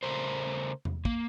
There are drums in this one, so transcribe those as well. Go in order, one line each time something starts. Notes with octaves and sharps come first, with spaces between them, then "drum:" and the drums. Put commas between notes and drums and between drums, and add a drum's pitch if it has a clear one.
C#3 A3 A#4 C5
drum: tom E2
A#3, drum: kick